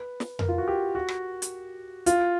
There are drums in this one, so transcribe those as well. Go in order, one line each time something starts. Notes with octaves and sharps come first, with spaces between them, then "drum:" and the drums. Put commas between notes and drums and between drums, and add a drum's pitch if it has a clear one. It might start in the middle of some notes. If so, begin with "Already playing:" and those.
Already playing: B4
drum: snare
A#4, drum: tom F2
F4
F#4
G4
F#4
drum: rim click
drum: hi-hat
F4, drum: hi-hat